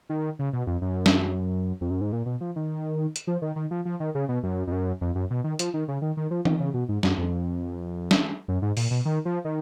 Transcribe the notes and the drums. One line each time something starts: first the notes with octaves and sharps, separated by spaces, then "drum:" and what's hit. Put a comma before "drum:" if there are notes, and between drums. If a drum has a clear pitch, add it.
D#3
C#3
B2
F2
F#2
drum: snare
F2
F#2
G#2
A#2
B2
F3
D#3
drum: hi-hat
F3
D#3
D#3
F3
F3
D#3
C#3
B2
F#2
F2
F#2
F2
F#2
B2
D#3
F3, drum: hi-hat
D#3
C#3
D#3
D#3
F3
D#3, drum: tom E3
C#3
B2
G#2
F#2, drum: snare
F2
drum: snare
F#2
G#2
A#2, drum: open hi-hat
B2
D#3
F3
D#3